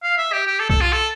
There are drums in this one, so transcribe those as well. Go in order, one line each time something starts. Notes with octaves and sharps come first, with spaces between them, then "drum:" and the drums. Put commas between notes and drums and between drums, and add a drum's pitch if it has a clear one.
F5
E5
G4
G4
A4
A4, drum: kick B1
F4
A4